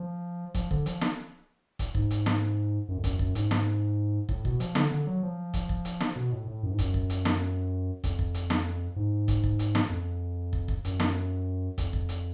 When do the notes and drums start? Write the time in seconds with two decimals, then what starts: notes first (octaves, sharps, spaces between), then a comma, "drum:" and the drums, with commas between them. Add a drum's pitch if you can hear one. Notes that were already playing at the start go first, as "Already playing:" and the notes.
Already playing: F3
0.55 F3, drum: kick, hi-hat
0.71 D3, drum: kick
0.86 F3, drum: hi-hat
1.01 drum: snare
1.79 drum: kick, hi-hat
1.95 G#2, drum: kick
2.10 drum: hi-hat
2.26 drum: snare
2.88 F#2
2.97 F2
3.04 F#2, drum: kick, hi-hat
3.19 F#2, drum: kick
3.35 G#2, drum: hi-hat
3.51 drum: snare
4.29 A2, drum: kick
4.45 B2, drum: kick
4.60 F3, drum: hi-hat
4.75 D3, drum: snare
4.92 D3
5.07 F#3
5.23 F3
5.54 drum: kick, hi-hat
5.69 drum: kick
5.85 drum: hi-hat
6.00 drum: snare
6.16 B2
6.32 A2
6.47 A2
6.63 F#2
6.71 G#2
6.79 F#2, drum: kick, hi-hat
6.94 drum: kick
7.10 drum: hi-hat
7.25 drum: snare
8.04 F2, drum: kick, hi-hat
8.19 drum: kick
8.34 drum: hi-hat
8.50 drum: snare
8.96 G#2
9.28 drum: kick, hi-hat
9.44 drum: kick
9.59 drum: hi-hat
9.75 drum: snare
9.90 F2
10.53 drum: kick
10.68 drum: kick
10.85 F#2, drum: hi-hat
11.00 drum: snare
11.78 F2, drum: kick, hi-hat
11.93 drum: kick
12.09 drum: hi-hat